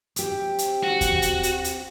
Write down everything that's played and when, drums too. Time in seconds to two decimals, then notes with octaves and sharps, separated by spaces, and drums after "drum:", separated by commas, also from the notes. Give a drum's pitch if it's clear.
0.16 C4 G4, drum: hi-hat
0.58 drum: hi-hat
0.83 F#4
1.01 drum: kick D#2, hi-hat
1.22 drum: hi-hat
1.43 drum: hi-hat
1.64 drum: hi-hat